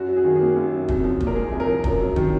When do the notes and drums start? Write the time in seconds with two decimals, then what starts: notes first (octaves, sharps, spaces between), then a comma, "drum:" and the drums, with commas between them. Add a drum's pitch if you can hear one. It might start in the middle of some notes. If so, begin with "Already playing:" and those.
Already playing: F#2 F#4
0.09 F#3
0.17 G#4
0.25 D#3 F#4
0.36 A#3 G#4
0.56 F#2
0.72 F#3
0.88 C2, drum: kick
1.04 F3
1.20 A#2, drum: kick
1.27 A#4
1.36 G#3 G#4
1.52 C2
1.60 A#4
1.68 F3
1.84 F#2 A#4, drum: kick
1.99 F#3
2.16 D#3, drum: kick